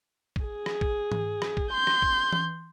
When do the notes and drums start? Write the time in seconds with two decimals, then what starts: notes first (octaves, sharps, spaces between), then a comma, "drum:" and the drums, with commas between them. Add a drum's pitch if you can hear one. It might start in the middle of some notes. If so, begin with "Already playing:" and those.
0.36 drum: kick
0.45 G#4
0.66 drum: rim click
0.81 drum: kick
1.12 drum: tom G#2
1.42 drum: rim click
1.57 drum: kick
1.72 C6 G6
1.87 drum: rim click
2.02 drum: kick
2.33 drum: tom E3